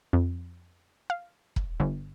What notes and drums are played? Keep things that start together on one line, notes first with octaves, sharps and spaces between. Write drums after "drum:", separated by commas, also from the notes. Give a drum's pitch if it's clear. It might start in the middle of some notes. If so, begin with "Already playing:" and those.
F2
F5
drum: kick
G1